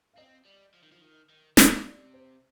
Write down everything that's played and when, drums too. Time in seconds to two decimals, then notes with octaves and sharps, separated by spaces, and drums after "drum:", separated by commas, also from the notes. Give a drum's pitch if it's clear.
0.14 F5
0.18 C4 D#5
0.46 G3
0.74 F3
0.83 D#3
0.92 F3
1.01 D#3
1.29 D#3
1.57 C3 F5, drum: snare
1.73 D#5
1.85 D5
2.14 C5